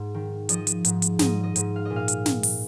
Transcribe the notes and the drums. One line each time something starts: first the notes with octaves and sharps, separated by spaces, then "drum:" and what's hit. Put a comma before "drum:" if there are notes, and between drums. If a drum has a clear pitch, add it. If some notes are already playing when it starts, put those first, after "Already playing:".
Already playing: G#2
D#3
F3 D#5, drum: hi-hat
drum: hi-hat
G#2, drum: hi-hat
drum: hi-hat
G#2 D#5, drum: snare
D#5
G#2, drum: hi-hat
F5
A#2 D#5
F5
drum: hi-hat
drum: snare
drum: open hi-hat